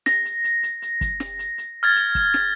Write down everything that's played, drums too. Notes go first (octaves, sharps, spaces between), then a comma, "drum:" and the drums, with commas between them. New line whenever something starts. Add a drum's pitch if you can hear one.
A#6, drum: snare
drum: hi-hat
drum: hi-hat
drum: hi-hat
drum: hi-hat
drum: kick, hi-hat
drum: snare
drum: hi-hat
drum: hi-hat
F6 G#6 A6
drum: hi-hat
drum: kick, hi-hat
drum: snare